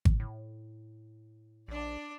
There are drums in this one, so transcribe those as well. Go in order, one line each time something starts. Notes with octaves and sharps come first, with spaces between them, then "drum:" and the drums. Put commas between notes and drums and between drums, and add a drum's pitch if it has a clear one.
drum: kick G#1
A2
A#1 D4 D5